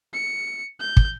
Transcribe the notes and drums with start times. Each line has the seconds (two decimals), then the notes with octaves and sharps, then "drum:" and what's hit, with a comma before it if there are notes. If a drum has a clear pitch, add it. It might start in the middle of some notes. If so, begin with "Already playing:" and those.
0.13 C#7
0.80 G6
0.97 drum: kick